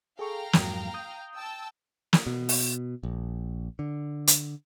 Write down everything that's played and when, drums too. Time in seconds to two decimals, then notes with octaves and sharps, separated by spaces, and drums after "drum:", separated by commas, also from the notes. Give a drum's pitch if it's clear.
0.19 G#4 A4 F5 G5 A#5 C#6
0.53 F2 G#2 F#3, drum: snare
0.94 D#6 G6
1.36 G5 A5 E6
2.13 drum: snare
2.27 B2
2.49 drum: open hi-hat
3.03 A#1
3.79 D3
4.27 drum: hi-hat